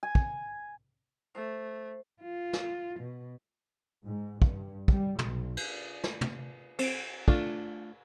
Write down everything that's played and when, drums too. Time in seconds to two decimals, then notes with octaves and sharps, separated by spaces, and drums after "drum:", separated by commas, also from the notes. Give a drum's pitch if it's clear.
0.03 G#5
0.15 drum: kick
1.35 A3 C5
2.22 F4
2.53 drum: snare
2.99 B2
4.03 G#2
4.42 G2, drum: kick
4.88 G3, drum: kick
5.19 B1, drum: tom
5.57 drum: cymbal
6.04 drum: snare
6.21 drum: tom
6.79 C4, drum: cymbal
7.28 A3 D4 F4, drum: kick